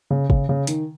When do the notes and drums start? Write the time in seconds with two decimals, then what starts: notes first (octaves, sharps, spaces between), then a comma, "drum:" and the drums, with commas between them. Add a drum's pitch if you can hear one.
0.10 C#3
0.30 C#3, drum: kick
0.49 C#3
0.67 D#3, drum: hi-hat